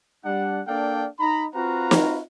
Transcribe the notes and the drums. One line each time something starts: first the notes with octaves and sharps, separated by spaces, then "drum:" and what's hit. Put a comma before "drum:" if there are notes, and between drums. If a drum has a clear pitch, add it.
G3 D4 F#5
A#3 D4 A4 D5 F5 G5
D#4 A#5 B5
C4 F4 F#4 B4 F5 A#5
drum: snare